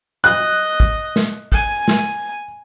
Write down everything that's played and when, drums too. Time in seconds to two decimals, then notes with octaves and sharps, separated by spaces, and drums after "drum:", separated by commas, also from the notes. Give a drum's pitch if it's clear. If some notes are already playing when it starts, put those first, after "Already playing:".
0.24 D#5 F#6
0.80 drum: kick
1.16 drum: snare
1.52 G#5, drum: kick
1.88 drum: snare